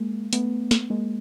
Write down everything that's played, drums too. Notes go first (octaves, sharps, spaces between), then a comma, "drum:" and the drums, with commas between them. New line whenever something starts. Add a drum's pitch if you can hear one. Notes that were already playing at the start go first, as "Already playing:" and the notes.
Already playing: G#3 A#3
A3 B3, drum: hi-hat
drum: snare
G#3 A#3